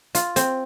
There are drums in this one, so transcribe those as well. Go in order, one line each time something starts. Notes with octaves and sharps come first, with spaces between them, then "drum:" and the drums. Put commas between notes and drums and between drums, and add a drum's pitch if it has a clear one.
F4, drum: hi-hat
C4, drum: hi-hat